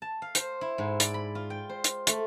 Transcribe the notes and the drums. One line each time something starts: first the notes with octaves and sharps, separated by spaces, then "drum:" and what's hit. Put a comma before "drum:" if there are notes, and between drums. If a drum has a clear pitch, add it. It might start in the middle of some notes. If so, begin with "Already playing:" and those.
A5
F5
C5, drum: hi-hat
E4
G#2
D5, drum: hi-hat
B5
F4
G5
C5
drum: hi-hat
A3, drum: hi-hat